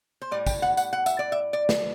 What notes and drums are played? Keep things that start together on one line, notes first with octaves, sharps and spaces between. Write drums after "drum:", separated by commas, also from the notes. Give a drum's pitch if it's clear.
C5
A2 G3 D5
G5, drum: kick, tambourine
F#5
F#5, drum: tambourine
F#5
E5, drum: tambourine
D5
E5
D5
drum: snare